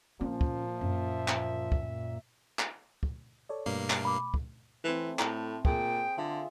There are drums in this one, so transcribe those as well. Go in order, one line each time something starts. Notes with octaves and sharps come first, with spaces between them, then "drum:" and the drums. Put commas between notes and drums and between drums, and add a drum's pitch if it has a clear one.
A#2 F3 C#4
drum: kick
F#2 E5
drum: clap
drum: kick
drum: clap
drum: kick
A4 C#5 D5
G2 B2 A3 A#3 C7
drum: clap
B5 D6
drum: kick
E3 A3 C4
A2, drum: clap
A#2 G#4 G5, drum: kick
D3 F4 E5